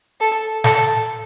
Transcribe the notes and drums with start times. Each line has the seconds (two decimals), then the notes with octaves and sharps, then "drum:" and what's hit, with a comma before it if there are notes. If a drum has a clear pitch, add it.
0.20 A4
0.64 A4, drum: snare